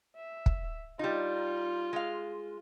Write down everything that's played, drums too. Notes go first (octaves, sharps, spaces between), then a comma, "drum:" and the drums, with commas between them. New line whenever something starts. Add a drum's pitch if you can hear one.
E5
drum: kick
G3 D#4 F4
G#3 F5